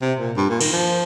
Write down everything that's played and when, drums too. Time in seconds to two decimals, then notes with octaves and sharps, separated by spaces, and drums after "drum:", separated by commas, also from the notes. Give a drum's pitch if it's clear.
0.02 C3
0.19 A#2
0.37 G2
0.50 A#2
0.61 D#3, drum: cymbal
0.73 F3